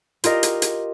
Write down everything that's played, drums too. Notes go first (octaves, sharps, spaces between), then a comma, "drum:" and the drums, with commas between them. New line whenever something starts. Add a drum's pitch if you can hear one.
F4 G4 A#4 D#5, drum: hi-hat
drum: hi-hat
drum: hi-hat